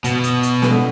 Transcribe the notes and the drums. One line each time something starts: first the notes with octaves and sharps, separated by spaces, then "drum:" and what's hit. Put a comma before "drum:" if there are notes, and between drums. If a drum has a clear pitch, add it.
B2, drum: hi-hat
drum: hi-hat
drum: hi-hat
drum: snare